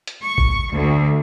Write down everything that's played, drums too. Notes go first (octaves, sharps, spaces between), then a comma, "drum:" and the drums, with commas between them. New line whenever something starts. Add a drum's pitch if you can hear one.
drum: hi-hat
C#6
drum: kick A1
D2